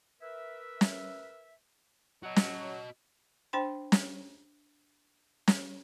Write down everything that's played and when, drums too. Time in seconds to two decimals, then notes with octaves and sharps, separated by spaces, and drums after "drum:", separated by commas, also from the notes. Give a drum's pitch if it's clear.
0.21 A#4 B4 E5
0.81 drum: snare
2.23 F#3 F#4 D#5
2.36 drum: snare
3.53 D4 C5 G5 C6
3.92 drum: snare
5.48 drum: snare